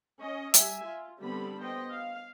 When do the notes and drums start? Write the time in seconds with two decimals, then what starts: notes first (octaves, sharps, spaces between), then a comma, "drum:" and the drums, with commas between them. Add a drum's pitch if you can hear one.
0.21 C#4 D#5
0.54 G3 E5 G#5, drum: hi-hat
0.85 F4
1.21 D3 G3 B3 C4 A4 B5
1.60 B3 C5 D#5 G5
1.92 F5